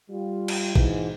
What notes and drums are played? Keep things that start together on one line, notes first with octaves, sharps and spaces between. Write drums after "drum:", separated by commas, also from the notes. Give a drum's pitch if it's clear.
G3 F4
drum: cymbal
G#2 B2 E3, drum: kick A1